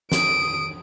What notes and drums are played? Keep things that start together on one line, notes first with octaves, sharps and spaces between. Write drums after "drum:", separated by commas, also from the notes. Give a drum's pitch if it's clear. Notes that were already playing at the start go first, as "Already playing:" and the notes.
D#6 D7, drum: snare